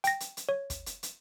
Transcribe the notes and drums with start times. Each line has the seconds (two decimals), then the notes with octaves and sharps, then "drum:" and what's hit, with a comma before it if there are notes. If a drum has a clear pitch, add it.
0.04 G5 A#6, drum: hi-hat
0.20 drum: hi-hat
0.37 drum: hi-hat
0.49 C#5
0.70 drum: kick, hi-hat
0.86 drum: hi-hat
1.03 drum: hi-hat